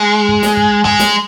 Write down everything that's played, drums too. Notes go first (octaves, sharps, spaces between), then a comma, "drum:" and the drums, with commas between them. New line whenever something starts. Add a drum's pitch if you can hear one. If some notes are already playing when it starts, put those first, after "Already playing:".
Already playing: G#3
drum: kick
drum: snare
drum: kick
G#3, drum: kick
drum: snare